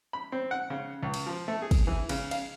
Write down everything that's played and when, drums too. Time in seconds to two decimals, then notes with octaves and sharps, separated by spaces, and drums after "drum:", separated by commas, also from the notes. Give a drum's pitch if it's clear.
0.13 B5
0.32 C4
0.51 F#5
0.70 C#3
1.03 C#2
1.14 drum: cymbal
1.26 F3
1.48 A3
1.62 G#4
1.71 drum: kick, cymbal
1.87 E3
2.09 C#3, drum: cymbal
2.31 F5, drum: cymbal